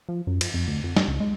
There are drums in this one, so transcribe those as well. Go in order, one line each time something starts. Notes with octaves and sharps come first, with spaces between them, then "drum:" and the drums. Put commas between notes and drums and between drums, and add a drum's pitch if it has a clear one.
F3
F#2
F3, drum: cymbal
F2
D2
F2
G2, drum: snare
C#2
G#3